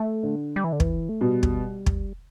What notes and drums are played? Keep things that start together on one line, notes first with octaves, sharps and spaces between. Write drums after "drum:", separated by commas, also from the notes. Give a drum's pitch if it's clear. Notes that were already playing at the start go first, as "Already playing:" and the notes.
Already playing: A3
D3
G3
E3
D3
E3, drum: kick
A3
B2 G3
drum: kick
drum: kick